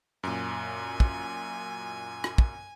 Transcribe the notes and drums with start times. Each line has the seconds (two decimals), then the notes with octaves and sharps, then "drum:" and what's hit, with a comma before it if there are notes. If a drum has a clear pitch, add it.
0.23 F#2 A#2 G#5
1.00 drum: kick
2.24 drum: rim click
2.38 drum: kick